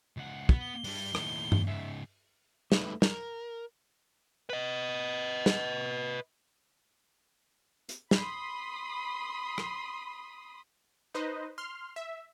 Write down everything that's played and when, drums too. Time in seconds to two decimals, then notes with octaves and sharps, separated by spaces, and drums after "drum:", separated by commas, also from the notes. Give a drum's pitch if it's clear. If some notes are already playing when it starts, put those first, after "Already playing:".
0.17 C#2 F#5
0.49 B3, drum: kick
0.60 G7
0.84 G2 G3, drum: open hi-hat
1.15 D#2 A2, drum: rim click
1.52 drum: tom G2
1.67 G#2 C#3 E5
2.72 G3 A3 D#4 B4, drum: snare
3.02 A#4, drum: snare
4.49 B4 D#5
5.46 drum: snare
7.89 drum: hi-hat
8.11 B5 C6 D#6, drum: snare
9.58 drum: rim click
11.14 D#4 B4 C5 D#5
11.58 C6 F6
11.96 E5